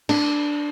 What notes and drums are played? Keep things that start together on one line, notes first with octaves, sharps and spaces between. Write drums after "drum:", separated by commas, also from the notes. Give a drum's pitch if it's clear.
D4, drum: cymbal